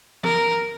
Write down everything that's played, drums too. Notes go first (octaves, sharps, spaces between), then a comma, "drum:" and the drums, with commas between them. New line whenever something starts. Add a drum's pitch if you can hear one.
A#4, drum: tom E3